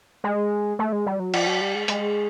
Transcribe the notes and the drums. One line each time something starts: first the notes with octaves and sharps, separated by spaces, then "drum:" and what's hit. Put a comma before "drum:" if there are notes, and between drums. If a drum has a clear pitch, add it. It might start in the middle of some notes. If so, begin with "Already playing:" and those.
G#3
A3
G#3
G3
F#3
F3, drum: cymbal
F#3
G3
G#3
G#3, drum: hi-hat